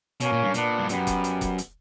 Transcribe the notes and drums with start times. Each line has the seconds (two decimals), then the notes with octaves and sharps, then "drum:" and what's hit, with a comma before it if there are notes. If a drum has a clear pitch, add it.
0.20 B2 A#3 C#4, drum: hi-hat
0.32 A#2
0.43 G2
0.54 A#2 B3 D4, drum: hi-hat
0.79 G2
0.89 F#2 G3 B3, drum: hi-hat
1.07 drum: kick F1, hi-hat
1.24 drum: hi-hat
1.41 drum: kick F1, hi-hat
1.58 drum: hi-hat